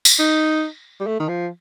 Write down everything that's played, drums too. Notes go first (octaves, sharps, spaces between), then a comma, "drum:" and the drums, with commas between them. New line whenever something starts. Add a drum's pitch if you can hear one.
drum: tambourine
D#4
G3
A3
D#3
F3